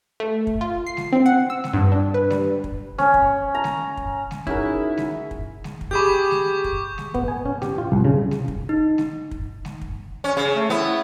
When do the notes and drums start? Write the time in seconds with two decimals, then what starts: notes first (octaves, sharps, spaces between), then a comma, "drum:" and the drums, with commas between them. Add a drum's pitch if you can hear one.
0.20 A3
0.47 drum: kick
0.61 F4
0.87 C7
0.97 drum: snare G#3
1.13 C4
1.26 F#5
1.50 E6
1.64 drum: snare G#3
1.73 G2
1.92 D4
2.14 B4
2.30 G3, drum: snare G#3
2.64 drum: kick
2.98 C#4, drum: snare G#3
3.14 drum: kick
3.55 A#5
3.64 drum: snare G#3
3.97 drum: kick
4.31 drum: snare G#3
4.47 C#4 D#4 E4 F#4 G#4 A#4 B5, drum: kick
4.97 drum: snare G#3
5.31 drum: kick
5.64 drum: snare G#3
5.81 drum: kick
5.91 G4 G#4 B5 C#6 D6 G6
6.31 drum: snare G#3
6.64 drum: kick
6.98 drum: snare G#3
7.14 B3, drum: kick
7.28 G#5
7.45 C#4
7.62 G4, drum: snare G#3
7.78 F4
7.92 C2
8.05 C#3
8.31 drum: snare G#3
8.48 drum: kick
8.69 D#4
8.98 drum: snare G#3
9.31 drum: kick
9.65 drum: snare G#3
9.81 drum: kick
10.24 C#4
10.37 C#3
10.54 A3
10.70 B3 E4